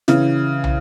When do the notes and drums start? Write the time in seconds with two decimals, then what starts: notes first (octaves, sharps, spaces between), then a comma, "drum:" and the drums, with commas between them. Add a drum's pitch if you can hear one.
0.08 C#3 E3, drum: snare
0.64 drum: tom